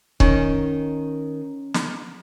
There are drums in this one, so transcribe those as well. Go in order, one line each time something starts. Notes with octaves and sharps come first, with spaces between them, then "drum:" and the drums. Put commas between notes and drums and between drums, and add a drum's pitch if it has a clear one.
D#3 C#4, drum: kick C#1
drum: snare